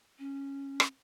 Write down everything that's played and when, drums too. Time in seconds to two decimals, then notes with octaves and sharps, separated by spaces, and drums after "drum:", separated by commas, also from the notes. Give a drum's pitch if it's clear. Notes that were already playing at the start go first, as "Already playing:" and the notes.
0.19 C#4
0.80 drum: rim click